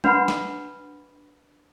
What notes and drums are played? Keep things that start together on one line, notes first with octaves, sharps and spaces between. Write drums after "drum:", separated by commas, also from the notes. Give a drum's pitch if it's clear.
D4 F#4 B4 F#5 B5, drum: tom G3
drum: snare